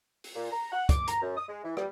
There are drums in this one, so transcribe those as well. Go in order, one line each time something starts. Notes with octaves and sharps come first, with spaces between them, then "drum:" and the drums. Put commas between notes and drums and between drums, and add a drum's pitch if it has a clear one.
drum: open hi-hat
A#2
A#5
F#5
D6, drum: kick, hi-hat
A#5, drum: hi-hat
F#2
D#6
G#3
E3
G3, drum: rim click